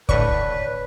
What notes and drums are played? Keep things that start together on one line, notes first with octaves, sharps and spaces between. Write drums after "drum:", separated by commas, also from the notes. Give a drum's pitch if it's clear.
A2 D3 B4 C#5 D5 A5 C#6, drum: kick